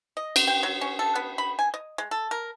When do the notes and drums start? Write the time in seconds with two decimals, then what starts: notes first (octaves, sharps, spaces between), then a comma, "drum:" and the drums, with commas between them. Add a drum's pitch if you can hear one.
0.17 D#5
0.36 drum: cymbal
0.48 G5
0.63 F#3
0.81 C#4
0.99 A4
1.16 B3
1.38 B5
1.59 G#5
1.74 D#5
1.98 G#3
2.11 A4
2.31 A#4